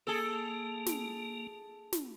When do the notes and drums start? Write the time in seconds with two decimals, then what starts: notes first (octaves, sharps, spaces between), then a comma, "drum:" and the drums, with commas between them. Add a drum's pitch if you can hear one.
0.07 A#3 G#4 A4
0.86 drum: snare
1.93 drum: snare